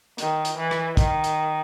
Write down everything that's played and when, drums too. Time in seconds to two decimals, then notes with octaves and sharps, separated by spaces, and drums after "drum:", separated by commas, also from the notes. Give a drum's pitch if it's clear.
0.18 D#3, drum: hi-hat
0.45 drum: hi-hat
0.58 E3
0.71 drum: rim click
0.97 D#3, drum: kick, hi-hat
1.24 drum: hi-hat